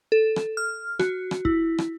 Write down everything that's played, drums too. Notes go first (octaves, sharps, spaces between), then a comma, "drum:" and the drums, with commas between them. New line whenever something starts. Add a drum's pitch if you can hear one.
A4
drum: rim click
F6
F#4, drum: rim click
drum: rim click
E4, drum: kick
drum: rim click